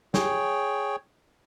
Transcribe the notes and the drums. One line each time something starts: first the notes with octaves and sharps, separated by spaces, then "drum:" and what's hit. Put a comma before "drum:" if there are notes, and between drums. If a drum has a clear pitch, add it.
G#4 C#5 G5, drum: snare